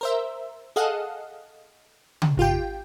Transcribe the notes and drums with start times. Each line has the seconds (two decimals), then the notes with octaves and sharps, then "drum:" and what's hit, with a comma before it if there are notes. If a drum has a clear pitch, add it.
0.01 A#4 C5 E5
0.76 G#4 A4 D#5 F5 F#5
2.22 drum: tom C#3
2.37 G#1 F4 G4 G5